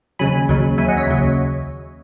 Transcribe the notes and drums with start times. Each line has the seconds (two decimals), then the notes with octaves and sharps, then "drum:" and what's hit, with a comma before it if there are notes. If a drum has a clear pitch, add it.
0.19 D#2 C#3 F#3 G#5 B5
0.49 D#2 C#3 F#3, drum: kick C2
0.78 D#2 C#3 F#3 E5 G#5
0.88 D#5 F#5
0.97 C#5 E5
1.07 D#2 C#3 F#3
1.18 drum: kick C2